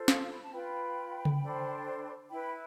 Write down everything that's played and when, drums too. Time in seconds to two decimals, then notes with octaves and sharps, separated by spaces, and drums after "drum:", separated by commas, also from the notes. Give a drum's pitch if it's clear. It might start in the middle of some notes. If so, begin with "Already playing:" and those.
Already playing: F4 A4 C5
0.08 F5 A5, drum: snare
0.30 B5
0.42 A5
0.53 F4 B4 G5 B5
1.25 drum: tom C#3
1.42 D4 A4 C5
2.30 E4 B4 G5 B5